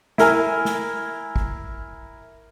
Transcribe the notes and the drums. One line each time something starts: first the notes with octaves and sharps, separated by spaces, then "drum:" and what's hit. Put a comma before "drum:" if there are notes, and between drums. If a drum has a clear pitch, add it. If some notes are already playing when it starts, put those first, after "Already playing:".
E4 A#4 G#5, drum: snare
drum: snare
drum: kick